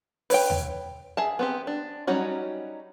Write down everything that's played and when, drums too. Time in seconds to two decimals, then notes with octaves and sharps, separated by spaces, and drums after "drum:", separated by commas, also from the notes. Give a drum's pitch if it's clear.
0.30 B4 C#5 G5, drum: open hi-hat
0.50 drum: tom D#2
1.17 G#4 E5 A5
1.39 B3 C4 G4
1.67 D4
2.07 F#3 G3 C#4 D#4 F#4